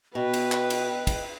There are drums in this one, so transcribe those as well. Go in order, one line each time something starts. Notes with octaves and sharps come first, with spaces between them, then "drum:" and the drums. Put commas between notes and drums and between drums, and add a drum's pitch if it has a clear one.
B2 B4 D#5 G5
drum: cymbal
drum: clap
drum: cymbal
drum: kick, cymbal